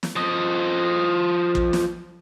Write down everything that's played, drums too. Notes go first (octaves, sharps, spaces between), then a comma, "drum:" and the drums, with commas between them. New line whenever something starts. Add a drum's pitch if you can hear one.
drum: snare
F3 D#5
drum: kick
drum: snare